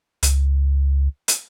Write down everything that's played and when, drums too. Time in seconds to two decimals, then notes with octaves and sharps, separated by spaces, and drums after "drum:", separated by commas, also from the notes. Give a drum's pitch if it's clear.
0.23 C#2, drum: hi-hat
1.28 drum: hi-hat